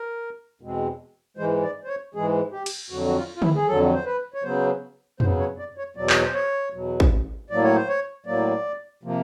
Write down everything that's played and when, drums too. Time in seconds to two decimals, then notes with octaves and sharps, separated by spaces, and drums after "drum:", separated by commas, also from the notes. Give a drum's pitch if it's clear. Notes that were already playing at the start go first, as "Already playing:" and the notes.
Already playing: A#4
0.61 E2 B2 G#3 C4
1.37 G#2 E3 G#3 C5
1.63 D5
1.84 C5
1.88 C#5
2.15 G#2 E3 G#3 G#4
2.52 G4
2.66 drum: cymbal
2.90 F2 D3 F#3 F#4
3.06 F#4
3.15 F4
3.36 F4
3.42 E4, drum: tom D3
3.55 G#4
3.68 F2 D3 F#3 A4
3.94 C5
4.05 B4
4.34 C#5
4.43 C#3 F#3 B3 C5
5.20 C#3 F#3 B3 C5, drum: tom F2
5.39 C#5
5.59 D5
5.78 C#5
5.96 E2 B2 F#3 D5
6.10 C#5, drum: clap
6.22 C5
6.34 C#5
6.74 E2 B2 F#3
7.00 drum: kick A1
7.50 A2 F#3 A#3 D5
7.63 C#5
7.75 C5
7.88 C#5
8.26 A2 F#3 A#3 D5
9.03 C3 F3 A#3